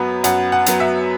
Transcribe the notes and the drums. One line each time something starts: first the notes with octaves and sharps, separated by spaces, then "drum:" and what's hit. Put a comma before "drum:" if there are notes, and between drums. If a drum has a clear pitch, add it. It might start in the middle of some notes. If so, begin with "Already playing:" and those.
Already playing: F#2 F#3 B3 B5
F#2 F#5, drum: hi-hat
F#5
F#3 B3, drum: hi-hat
E5